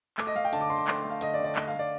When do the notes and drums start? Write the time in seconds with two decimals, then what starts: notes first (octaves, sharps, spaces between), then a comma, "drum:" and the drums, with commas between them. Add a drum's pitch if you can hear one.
0.18 A3 D6, drum: clap
0.27 D#5
0.35 A3 F5
0.45 G5
0.53 D3 A5, drum: hi-hat
0.61 D6
0.69 D3 C6
0.79 D6
0.87 A3 C6, drum: clap
1.04 A3
1.10 F5
1.21 D3 D#5, drum: hi-hat
1.34 D5
1.39 D3
1.44 D5
1.56 A3 D#5, drum: clap
1.68 F5
1.74 A3
1.79 D5